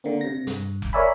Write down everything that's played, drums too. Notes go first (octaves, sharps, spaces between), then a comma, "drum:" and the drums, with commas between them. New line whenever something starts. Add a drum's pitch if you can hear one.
D3 A#3 C4
C3 A#6
G2, drum: hi-hat
drum: kick F1
A#4 C#5 D5 E5 G#5 B5